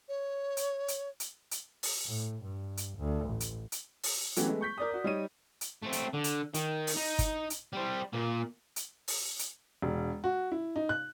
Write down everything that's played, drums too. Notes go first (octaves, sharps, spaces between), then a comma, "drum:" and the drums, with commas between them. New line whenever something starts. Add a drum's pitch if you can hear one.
C#5
drum: hi-hat
drum: hi-hat
drum: hi-hat
drum: hi-hat
drum: open hi-hat
A2
G2
drum: hi-hat
D2
A1
drum: hi-hat
drum: hi-hat
drum: open hi-hat
E3 F#3 A3 B3 C#4 G4, drum: hi-hat
G#3 A3 B3
C#6 G6 B6
A#4 D5 D#6
F#4 D5
G3 D#4 C#5 D#7
drum: hi-hat
A3 C4
drum: hi-hat
D3
drum: hi-hat
D#3, drum: hi-hat
drum: open hi-hat
D#4
drum: kick G1, hi-hat
drum: hi-hat
G3 C5
A#2 A#3
drum: hi-hat
drum: open hi-hat
drum: hi-hat
E1
F#4
E4
D#4
F#6